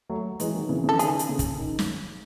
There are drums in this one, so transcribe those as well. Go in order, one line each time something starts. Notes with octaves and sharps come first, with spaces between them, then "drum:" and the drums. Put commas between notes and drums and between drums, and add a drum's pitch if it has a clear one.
F#3 A3
E3 G#3, drum: hi-hat
D#3 F#3
C#3 E3
C#3 E3
A4
D#3 G#4, drum: hi-hat
drum: hi-hat
C#3
drum: kick, hi-hat
D#3
drum: snare